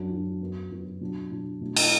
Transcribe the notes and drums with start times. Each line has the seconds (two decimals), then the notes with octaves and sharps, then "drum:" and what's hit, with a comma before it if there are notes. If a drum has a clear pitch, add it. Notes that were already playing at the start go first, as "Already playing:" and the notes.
Already playing: F#2 F#3 D4
0.10 F#2 F#3 D4
0.41 F#2 F#3 B3
0.71 F#2 F#3 B3
1.01 B2 F#3 D4
1.31 B2 F#3 D4
1.61 B2 A3 D4
1.76 drum: cymbal